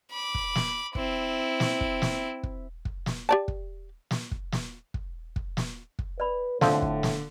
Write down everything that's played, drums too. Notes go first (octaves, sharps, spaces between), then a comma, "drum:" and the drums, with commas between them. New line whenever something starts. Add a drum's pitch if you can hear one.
B5 D6
drum: kick
drum: snare
C4 E4, drum: kick
drum: snare
drum: kick
drum: snare
drum: kick
drum: kick
drum: snare
G4 D5 A5
drum: kick
drum: snare
drum: kick
drum: snare
drum: kick
drum: kick
drum: snare
drum: kick
B4 D5 B5
A2 D3 F3 C4 D5 F5 C6, drum: snare
drum: kick
drum: snare